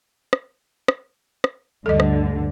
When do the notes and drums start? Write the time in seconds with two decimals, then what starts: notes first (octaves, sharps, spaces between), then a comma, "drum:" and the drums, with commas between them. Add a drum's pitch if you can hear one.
0.33 drum: rim click
0.88 drum: rim click
1.44 drum: rim click
1.86 D2 G2 D3 A4 D#5
2.00 drum: rim click